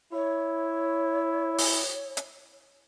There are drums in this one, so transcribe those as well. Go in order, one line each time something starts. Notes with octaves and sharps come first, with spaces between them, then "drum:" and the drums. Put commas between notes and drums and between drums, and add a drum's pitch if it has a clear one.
E4 C#5
drum: open hi-hat
drum: hi-hat